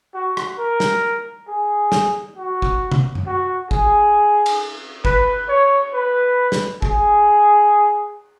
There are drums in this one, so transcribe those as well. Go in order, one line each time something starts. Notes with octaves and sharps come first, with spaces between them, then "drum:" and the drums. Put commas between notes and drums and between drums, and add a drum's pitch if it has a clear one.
F#4
drum: rim click
A#4
drum: snare
G#4
drum: snare
F#4
drum: kick G1
drum: tom C3
drum: tom F#2
F#4
G#4, drum: kick G1
drum: cymbal
B4, drum: kick G1
C#5
B4
drum: snare
G#4, drum: kick G1